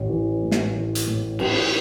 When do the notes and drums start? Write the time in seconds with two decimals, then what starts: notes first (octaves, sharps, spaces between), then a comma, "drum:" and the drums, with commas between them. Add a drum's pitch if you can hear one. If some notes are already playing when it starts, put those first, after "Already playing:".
Already playing: A1
0.09 E3
0.42 A2
0.51 drum: snare
0.74 E3
0.95 drum: hi-hat
1.07 A2
1.39 A1, drum: cymbal